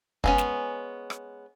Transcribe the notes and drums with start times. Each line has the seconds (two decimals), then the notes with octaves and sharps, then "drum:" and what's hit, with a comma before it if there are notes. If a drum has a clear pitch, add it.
0.24 G#3 B3 C#4, drum: kick
0.38 drum: snare
1.10 drum: rim click